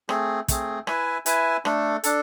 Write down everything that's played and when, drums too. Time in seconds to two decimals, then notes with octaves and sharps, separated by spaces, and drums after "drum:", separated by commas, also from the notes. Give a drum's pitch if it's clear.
0.09 A3 C4 G#4, drum: rim click
0.48 A3 C4 G#4, drum: kick, hi-hat
0.87 E4 B4 E5 G#5, drum: rim click
1.26 E4 B4 E5 G#5, drum: hi-hat
1.65 A3 D4 A4, drum: rim click
2.04 D4 A4, drum: hi-hat